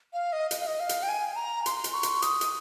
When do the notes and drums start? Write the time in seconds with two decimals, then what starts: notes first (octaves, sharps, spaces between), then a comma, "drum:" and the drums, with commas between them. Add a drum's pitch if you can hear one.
0.13 F5
0.33 D#5
0.51 D#5, drum: hi-hat
0.60 F5
0.67 D#5
0.80 F5
0.89 drum: hi-hat
1.03 G5
1.09 G#5
1.36 A#5
1.66 C6, drum: hi-hat
1.84 drum: hi-hat
1.94 C#6
2.03 drum: hi-hat
2.22 D#6, drum: hi-hat
2.41 drum: hi-hat